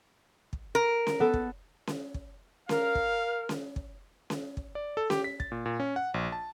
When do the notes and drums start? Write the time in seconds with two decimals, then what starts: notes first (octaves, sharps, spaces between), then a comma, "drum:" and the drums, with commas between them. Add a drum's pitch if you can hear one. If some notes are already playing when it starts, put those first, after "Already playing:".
0.53 drum: kick
0.75 A#4
1.07 drum: snare C#4
1.20 B3 A4
1.34 drum: kick
1.87 drum: snare C#4
2.14 drum: kick
2.69 A#4 F5, drum: snare C#4
2.95 drum: kick
3.49 drum: snare C#4
3.76 drum: kick
4.30 drum: snare C#4
4.57 drum: kick
4.75 D5
4.97 A4
5.10 G4, drum: snare C#4
5.24 B6
5.40 A6, drum: kick
5.52 A#2
5.66 A#2
5.80 C#4
5.96 F#5
6.14 A#1
6.32 A5